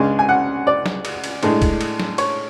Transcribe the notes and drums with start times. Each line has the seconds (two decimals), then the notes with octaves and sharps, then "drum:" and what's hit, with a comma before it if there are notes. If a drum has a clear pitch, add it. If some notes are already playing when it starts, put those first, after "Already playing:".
Already playing: C#2 C#3 G#3 D4 G#5
0.19 G#5
0.29 F#5
0.67 D5
0.86 drum: snare
1.05 drum: cymbal
1.24 drum: cymbal
1.43 A2 G#3 D4, drum: cymbal
1.62 drum: kick, cymbal
1.81 drum: cymbal
2.00 drum: snare
2.18 C#5, drum: cymbal